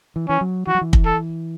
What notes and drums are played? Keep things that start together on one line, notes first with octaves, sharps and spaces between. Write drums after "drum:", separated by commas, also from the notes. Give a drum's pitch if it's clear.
E3
E3 C#4
F#3
E3 F#4
F#3
E3
drum: kick
A4